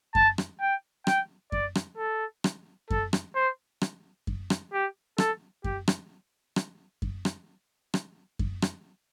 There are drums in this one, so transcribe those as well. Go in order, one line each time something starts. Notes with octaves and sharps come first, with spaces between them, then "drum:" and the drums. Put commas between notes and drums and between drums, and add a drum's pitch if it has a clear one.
A5, drum: kick F#2
drum: rim click
G5
G5, drum: rim click
D5, drum: kick F#2
drum: rim click
A4
drum: rim click
A4, drum: kick F#2
drum: rim click
C5
drum: rim click
drum: kick F#2
drum: rim click
G4
A4, drum: rim click
G4, drum: kick F#2
drum: rim click
drum: rim click
drum: kick F#2
drum: rim click
drum: rim click
drum: kick F#2
drum: rim click